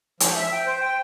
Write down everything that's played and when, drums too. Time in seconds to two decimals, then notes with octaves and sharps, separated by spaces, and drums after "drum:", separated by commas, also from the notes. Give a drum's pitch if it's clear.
0.20 F3, drum: hi-hat
0.36 E5
0.52 G5
0.67 C5
0.81 G5